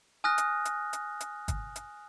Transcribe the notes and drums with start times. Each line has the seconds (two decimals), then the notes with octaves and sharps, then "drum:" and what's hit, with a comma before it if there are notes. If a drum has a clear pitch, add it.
0.24 G#5 D#6 F6 F#6 A#6
0.38 drum: hi-hat
0.65 drum: hi-hat
0.93 drum: hi-hat
1.20 drum: hi-hat
1.48 drum: kick, hi-hat
1.76 drum: hi-hat